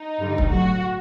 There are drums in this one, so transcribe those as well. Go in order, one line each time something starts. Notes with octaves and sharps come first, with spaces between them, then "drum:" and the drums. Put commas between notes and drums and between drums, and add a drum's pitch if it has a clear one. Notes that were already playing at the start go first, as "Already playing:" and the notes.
Already playing: D#4
G2 D3 G3
drum: kick
A2 F#3 F#4